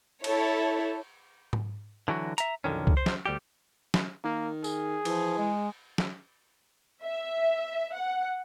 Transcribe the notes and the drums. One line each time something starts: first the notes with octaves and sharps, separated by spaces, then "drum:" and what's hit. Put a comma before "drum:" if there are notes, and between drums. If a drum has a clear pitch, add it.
E4 A4 C#5, drum: cymbal
drum: tom G#2
D3 E3 F#3 F#4
E5 A#5, drum: hi-hat
B1 F2 D3 D#3 C#4
drum: kick C2
C5
drum: snare
D2 G3 G4
drum: snare
D#3 A#3
G#4, drum: tambourine
E3 F3, drum: cymbal
G#3
drum: snare
E5
F#5